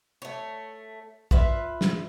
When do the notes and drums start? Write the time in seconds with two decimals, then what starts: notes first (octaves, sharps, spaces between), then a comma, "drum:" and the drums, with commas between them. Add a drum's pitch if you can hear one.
0.22 A3 C#5
1.31 F4 B4 E5, drum: kick
1.81 drum: snare